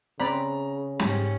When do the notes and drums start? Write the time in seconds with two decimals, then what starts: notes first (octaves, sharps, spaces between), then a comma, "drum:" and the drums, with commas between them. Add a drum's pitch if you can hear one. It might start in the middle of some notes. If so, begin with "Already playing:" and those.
0.20 C#3 C4 D5 A#5 B5
0.99 G#2 C#4 G4, drum: snare